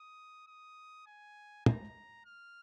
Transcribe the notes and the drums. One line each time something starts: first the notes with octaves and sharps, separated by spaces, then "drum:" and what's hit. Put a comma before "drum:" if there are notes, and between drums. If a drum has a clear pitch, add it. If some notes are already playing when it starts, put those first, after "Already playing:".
Already playing: D#6
D#6
G#5
A#5, drum: tom
F6